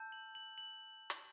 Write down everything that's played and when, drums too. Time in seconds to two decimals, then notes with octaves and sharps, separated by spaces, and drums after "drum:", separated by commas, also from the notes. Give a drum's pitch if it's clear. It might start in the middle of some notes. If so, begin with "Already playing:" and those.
Already playing: A5 E6 G6
0.12 F#7
0.35 F#7
0.58 F#7
1.10 drum: hi-hat